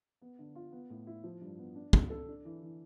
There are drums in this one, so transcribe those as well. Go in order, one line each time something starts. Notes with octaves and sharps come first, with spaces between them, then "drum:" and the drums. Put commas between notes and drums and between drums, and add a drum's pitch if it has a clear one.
B3
D3
F4
B3
A2
E4
F3
G2
B3
D4
C3, drum: kick
A4
D4
E3
E3